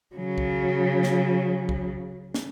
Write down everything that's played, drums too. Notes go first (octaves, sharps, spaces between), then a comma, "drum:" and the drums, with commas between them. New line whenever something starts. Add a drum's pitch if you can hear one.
C#3 F#3
drum: kick
drum: snare
drum: kick
drum: snare